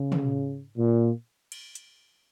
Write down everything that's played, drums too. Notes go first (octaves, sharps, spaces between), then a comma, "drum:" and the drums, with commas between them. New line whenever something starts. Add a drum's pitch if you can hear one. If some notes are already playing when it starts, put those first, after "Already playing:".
Already playing: C#3
drum: tom
A#2
drum: cymbal
drum: hi-hat